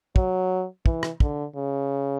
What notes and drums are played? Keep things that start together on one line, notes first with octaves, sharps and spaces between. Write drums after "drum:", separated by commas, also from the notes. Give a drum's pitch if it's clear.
F#3, drum: kick
E3, drum: kick
drum: rim click
D3, drum: kick
C#3